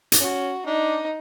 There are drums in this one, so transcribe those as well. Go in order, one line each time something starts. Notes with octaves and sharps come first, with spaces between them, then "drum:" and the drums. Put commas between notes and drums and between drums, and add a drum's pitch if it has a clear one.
drum: hi-hat
C#4 F#4
D4 D#4